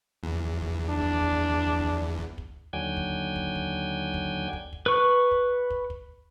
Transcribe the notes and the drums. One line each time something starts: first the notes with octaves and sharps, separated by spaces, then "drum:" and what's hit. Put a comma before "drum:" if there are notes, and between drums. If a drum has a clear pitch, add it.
E2
drum: kick
D4
drum: kick
drum: kick
drum: kick
drum: kick
drum: kick
D#2 D3 F#3 G5 G#5
drum: kick
drum: kick
drum: kick
drum: kick
drum: kick
drum: kick
B4 C#6
drum: kick
drum: kick
drum: kick